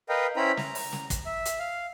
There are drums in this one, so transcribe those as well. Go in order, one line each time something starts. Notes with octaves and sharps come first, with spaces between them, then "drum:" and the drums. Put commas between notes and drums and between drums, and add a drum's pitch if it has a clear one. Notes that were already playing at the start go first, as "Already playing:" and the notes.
A#4 B4 D#5 F5 G5
C#4 E4 C5 G5 A#5 B5
A#5, drum: snare
drum: open hi-hat
drum: snare
drum: kick, hi-hat
E5
drum: hi-hat
F5